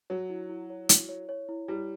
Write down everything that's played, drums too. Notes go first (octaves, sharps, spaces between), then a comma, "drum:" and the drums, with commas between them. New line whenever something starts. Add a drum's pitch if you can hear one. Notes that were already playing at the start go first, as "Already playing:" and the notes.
F#3 C#5
E4
E4
C#5
E4, drum: hi-hat
C#5
C#5
E4
G3 E4